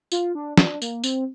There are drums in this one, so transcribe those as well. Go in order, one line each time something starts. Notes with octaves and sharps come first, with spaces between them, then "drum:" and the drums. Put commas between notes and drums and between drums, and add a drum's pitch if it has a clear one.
F4, drum: tambourine
D4
D4, drum: snare
A#3, drum: tambourine
C4, drum: tambourine